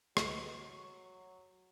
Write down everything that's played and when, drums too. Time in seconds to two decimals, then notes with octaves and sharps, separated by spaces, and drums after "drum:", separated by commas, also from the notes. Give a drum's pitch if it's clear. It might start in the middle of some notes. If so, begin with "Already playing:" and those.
0.17 F#3 A4 B4 C#6, drum: rim click
0.72 C#6